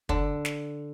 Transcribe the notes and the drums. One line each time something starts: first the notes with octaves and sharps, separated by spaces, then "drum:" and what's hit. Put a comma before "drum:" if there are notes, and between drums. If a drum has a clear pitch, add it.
D3, drum: kick
drum: snare